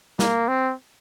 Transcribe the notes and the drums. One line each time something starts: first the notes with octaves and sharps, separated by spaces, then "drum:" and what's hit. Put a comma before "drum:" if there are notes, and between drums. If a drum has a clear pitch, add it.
A#3, drum: snare
C4